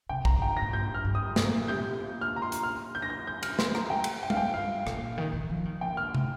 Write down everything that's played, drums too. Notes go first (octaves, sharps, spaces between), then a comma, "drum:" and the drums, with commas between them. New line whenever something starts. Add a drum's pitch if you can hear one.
C3 G5
A#5, drum: kick
G2 G5
A#6
A#2
G2 G6
F6
G2
D#6
A#2, drum: snare
C3 G6
A#2
F6
A#5
C6
drum: hi-hat
F6
G6
A#6
G6
G6
F6, drum: cymbal
C6, drum: snare
A#5, drum: rim click
G5
drum: cymbal
G5
F5, drum: tom G3
G5
G2 F5
A#2, drum: rim click
D#3
D#3
F3
D#3
A#2 G5
F6
drum: tom